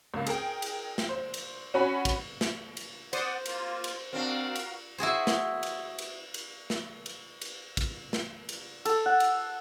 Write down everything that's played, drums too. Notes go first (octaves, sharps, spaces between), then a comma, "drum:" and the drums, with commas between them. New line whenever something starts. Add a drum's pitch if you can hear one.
C#2 A#3
G#4 A#4 G5, drum: cymbal
drum: cymbal
drum: snare
C5
drum: cymbal
C#4 F#4 C#5 F#5 G#5 B5
drum: kick, cymbal
drum: snare
drum: cymbal
C5 D5 F#5 D#6, drum: cymbal
A#3 F4, drum: cymbal
drum: cymbal
C4 D4 F#4 A#4 F5
drum: cymbal
E4 F#4 G#4 C5
drum: snare
drum: cymbal
drum: cymbal
drum: cymbal
drum: snare
drum: cymbal
drum: cymbal
drum: kick, cymbal
drum: snare
drum: cymbal
A4, drum: cymbal
F#5
drum: cymbal